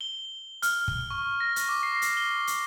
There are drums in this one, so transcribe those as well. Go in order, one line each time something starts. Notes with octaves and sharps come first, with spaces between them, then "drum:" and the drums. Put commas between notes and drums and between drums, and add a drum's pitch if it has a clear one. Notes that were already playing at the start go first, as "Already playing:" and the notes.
G7
F6, drum: hi-hat
drum: kick
C#6
A#6
drum: hi-hat
D6
C7
drum: hi-hat
G7
drum: hi-hat